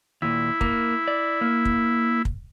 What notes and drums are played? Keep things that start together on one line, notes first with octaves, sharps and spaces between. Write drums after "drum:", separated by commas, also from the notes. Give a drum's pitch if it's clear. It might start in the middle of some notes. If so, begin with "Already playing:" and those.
D#2 A#2 E4
A#3, drum: kick
D5
A#3
drum: kick
drum: kick